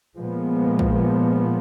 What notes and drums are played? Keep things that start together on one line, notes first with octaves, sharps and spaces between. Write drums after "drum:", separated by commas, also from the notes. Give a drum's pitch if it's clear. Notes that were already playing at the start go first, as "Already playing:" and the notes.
A#2 F3 G#3 B3
drum: kick